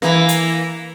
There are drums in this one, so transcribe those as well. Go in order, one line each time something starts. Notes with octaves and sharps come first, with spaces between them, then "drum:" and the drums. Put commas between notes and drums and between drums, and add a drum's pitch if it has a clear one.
E3 A#3, drum: snare
drum: hi-hat